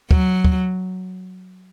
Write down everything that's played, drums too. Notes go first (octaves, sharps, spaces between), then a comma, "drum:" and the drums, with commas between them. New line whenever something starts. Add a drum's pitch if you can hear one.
F#3, drum: kick D2
drum: kick D2